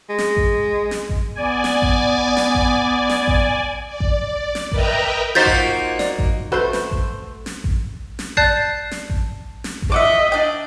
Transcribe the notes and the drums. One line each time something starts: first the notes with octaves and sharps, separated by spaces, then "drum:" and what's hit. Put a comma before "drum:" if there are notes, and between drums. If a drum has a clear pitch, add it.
G#3
drum: snare
drum: kick A1
drum: snare
drum: kick A1
B3 D5 G#5
drum: snare
drum: kick A1
drum: snare
drum: kick A1
drum: snare
drum: kick A1
D5
drum: kick A1
drum: snare
A#4 B4 D#5 E5 G5 A#5, drum: kick A1
A#3 D#4 F4 F#4 C5 G6 A6 B6
drum: kick A1
D5, drum: snare
drum: kick A1
A3 F#4 B4 C5
drum: snare
drum: kick A1
drum: snare
drum: kick A1
drum: snare
D5 A5 F#6 G6 A6 C7, drum: kick A1
drum: snare
drum: kick A1
drum: snare
drum: kick A1
D#5 E5 F#5 D6
D4 G5